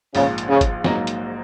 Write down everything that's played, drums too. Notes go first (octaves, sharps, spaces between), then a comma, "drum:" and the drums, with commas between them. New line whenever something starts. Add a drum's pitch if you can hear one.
A#1 G#2 C#3 F3 A#3 F4, drum: open hi-hat
drum: hi-hat
C#3
drum: kick, hi-hat
A#1 G#2 F#3 A#3 D#4, drum: snare
drum: hi-hat